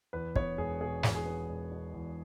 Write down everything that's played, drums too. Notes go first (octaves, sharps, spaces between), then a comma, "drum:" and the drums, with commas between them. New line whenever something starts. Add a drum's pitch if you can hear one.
E2 B4
B3 C#5, drum: kick
E1 G#4
B2 G#4
E2, drum: snare
G#4
B3
E1
B2
E2